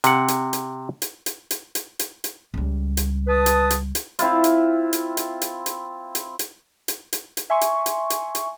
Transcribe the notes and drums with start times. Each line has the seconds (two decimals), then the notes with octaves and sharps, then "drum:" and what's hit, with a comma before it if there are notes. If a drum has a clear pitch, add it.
0.04 C3 F#5, drum: hi-hat
0.28 drum: hi-hat
0.53 drum: hi-hat
1.02 drum: hi-hat
1.26 drum: hi-hat
1.51 drum: hi-hat
1.75 drum: hi-hat
1.99 drum: hi-hat
2.24 drum: hi-hat
2.54 C#2 G3
2.97 drum: hi-hat
3.27 B4 A5 D#6
3.46 drum: hi-hat
3.70 drum: hi-hat
3.95 drum: hi-hat
4.19 C4 E4 F4, drum: hi-hat
4.44 drum: hi-hat
4.93 drum: hi-hat
5.17 drum: hi-hat
5.41 drum: hi-hat
5.66 drum: hi-hat
6.15 drum: hi-hat
6.39 drum: hi-hat
6.88 drum: hi-hat
7.13 drum: hi-hat
7.37 drum: hi-hat
7.50 E5 G#5 C6 C#6
7.61 drum: hi-hat
7.86 drum: hi-hat
8.10 drum: hi-hat
8.35 drum: hi-hat